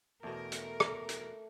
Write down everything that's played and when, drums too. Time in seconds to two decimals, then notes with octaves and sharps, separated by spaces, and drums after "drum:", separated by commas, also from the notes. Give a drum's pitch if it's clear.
0.23 E2 B2 A3 A#4
0.52 drum: hi-hat
0.80 drum: rim click
1.09 drum: hi-hat